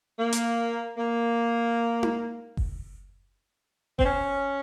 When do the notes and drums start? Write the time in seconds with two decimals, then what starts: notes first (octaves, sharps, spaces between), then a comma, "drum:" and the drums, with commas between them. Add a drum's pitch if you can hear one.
0.19 A#3
0.32 drum: hi-hat
0.97 A#3
2.03 drum: tom D#4
2.57 drum: kick F#1
3.99 C4, drum: kick F#1
4.05 C#4